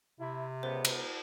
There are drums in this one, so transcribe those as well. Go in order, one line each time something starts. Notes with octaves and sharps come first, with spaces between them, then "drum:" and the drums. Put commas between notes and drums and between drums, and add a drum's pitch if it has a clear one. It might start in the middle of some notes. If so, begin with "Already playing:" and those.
C3 E4
C#2 C#3 B3 A#4 C5
drum: cymbal